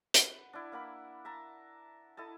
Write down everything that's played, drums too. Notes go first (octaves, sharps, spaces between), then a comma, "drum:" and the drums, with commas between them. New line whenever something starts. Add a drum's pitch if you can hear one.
B4 F#5, drum: hi-hat
D4 E4
A#3 D4 F#5 B5
E5 A5 A#5
E4 A4 D#5 A5